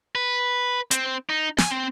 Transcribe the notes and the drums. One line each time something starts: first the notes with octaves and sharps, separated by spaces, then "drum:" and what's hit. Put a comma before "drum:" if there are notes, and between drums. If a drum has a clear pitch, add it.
B4
C4, drum: hi-hat
D#4
G#5, drum: snare
C4